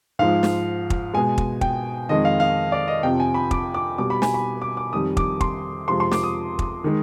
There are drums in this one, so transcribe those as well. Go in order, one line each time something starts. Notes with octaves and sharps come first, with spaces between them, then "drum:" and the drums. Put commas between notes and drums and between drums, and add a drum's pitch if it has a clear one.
G#2 F3 G#3 F5
drum: snare
drum: kick
B2 G#3 G#5
drum: kick
G5, drum: kick
F2 D#3 G#3 D#5
F5
F5
D5
D#5
F2 C3 F3 G5
G#5
B5
D6, drum: kick
D6
B2 G3 D6
B5
G#5, drum: snare
B5
D6
D6
F2 D#3 G3 D#6
D6, drum: kick
C6, drum: kick
F2 C3 F3 G#3 C6
C6
D6, drum: snare
D#6
drum: kick
D#3 G#3